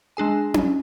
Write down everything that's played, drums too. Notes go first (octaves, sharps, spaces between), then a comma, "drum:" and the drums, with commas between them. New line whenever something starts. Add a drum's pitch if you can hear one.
G#3 D4 G#4 G#5
drum: tom C#4